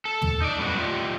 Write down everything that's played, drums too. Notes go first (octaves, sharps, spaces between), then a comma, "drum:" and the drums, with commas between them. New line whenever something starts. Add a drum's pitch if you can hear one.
A4
drum: tom
D#4 D5
F#2 A2 G3 B3 F#4
A3 F4 G4 D5 D#5